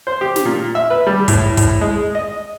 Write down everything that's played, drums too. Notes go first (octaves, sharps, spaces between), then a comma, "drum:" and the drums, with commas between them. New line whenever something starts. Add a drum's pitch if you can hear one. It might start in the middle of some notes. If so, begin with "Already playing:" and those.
C5
G4
drum: snare
A#2
E5
B4
G3
A2, drum: kick, hi-hat
A2, drum: kick, hi-hat
G#3
D#5